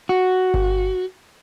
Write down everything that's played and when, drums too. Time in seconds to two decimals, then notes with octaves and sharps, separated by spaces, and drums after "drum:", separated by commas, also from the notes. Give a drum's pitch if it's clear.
0.09 F#4
0.54 drum: kick G1